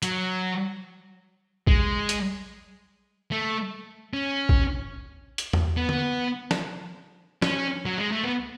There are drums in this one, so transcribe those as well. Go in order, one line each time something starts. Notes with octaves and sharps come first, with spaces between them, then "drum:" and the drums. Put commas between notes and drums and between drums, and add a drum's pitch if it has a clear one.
F#3, drum: hi-hat
G#3, drum: kick
drum: hi-hat
A3
C#4
drum: kick
drum: hi-hat
drum: tom
B3
drum: tom D3
drum: snare
C#4, drum: snare
F#3
G#3
A3
B3